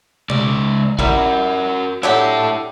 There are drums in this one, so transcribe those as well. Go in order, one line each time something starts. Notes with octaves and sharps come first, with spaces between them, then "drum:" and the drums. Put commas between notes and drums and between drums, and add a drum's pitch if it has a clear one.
C#2 D5, drum: tom
G3 E4 F#4 A#4, drum: kick A1
F#3 D4 E4 G4 A4